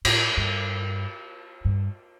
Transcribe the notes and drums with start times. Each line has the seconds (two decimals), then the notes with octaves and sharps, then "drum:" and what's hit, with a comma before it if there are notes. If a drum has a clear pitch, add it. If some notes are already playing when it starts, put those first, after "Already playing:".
0.05 A2, drum: cymbal
0.37 G2
1.65 G2